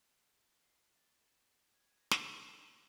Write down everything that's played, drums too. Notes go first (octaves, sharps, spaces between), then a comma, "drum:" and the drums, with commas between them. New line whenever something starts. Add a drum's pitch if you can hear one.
C7
A5
C7
A6
E7
G#6
A#6
A#5, drum: snare
F6
B6